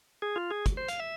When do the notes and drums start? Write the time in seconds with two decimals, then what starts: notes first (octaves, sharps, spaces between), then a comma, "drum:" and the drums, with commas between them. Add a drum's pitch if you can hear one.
0.22 G#4
0.36 F4
0.51 G#4
0.66 drum: kick, hi-hat
0.77 C5
0.88 F5, drum: hi-hat
0.99 E5